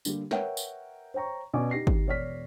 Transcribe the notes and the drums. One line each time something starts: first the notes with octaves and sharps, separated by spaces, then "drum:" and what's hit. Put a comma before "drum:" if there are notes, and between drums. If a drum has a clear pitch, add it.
D3 G3 A#3 G4, drum: tambourine
A#4 B4 C#5 E5 F#5 G5, drum: snare
drum: tambourine
C5 C#5 G5 A#5 C#6
B2 C#4 D5 G#5 D6
D#4 G4 A#6 C7
drum: kick G#1
E1 C#5 D5 F6 B6